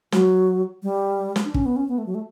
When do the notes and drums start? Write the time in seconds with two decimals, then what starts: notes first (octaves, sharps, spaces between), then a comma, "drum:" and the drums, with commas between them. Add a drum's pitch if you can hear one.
0.12 F#3, drum: snare
0.83 G3
1.36 drum: snare
1.45 D4
1.54 C#4, drum: kick
1.65 B3
1.76 C#4
1.88 B3
1.98 A3
2.06 F#3
2.14 A3